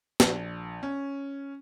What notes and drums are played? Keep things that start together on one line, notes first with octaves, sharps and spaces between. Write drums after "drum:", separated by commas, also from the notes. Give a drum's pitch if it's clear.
A#1, drum: snare
C#4